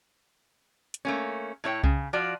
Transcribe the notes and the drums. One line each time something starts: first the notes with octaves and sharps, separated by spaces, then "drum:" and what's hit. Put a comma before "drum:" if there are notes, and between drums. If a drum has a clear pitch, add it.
drum: hi-hat
A3 A#3 C#4
A2 E4 C#5 G5
C#3, drum: kick C2
F3 F4 F#4 D5